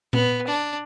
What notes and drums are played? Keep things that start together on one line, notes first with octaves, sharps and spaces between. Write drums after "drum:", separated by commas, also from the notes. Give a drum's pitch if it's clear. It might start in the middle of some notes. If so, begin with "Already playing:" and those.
B3, drum: tom A#2
D4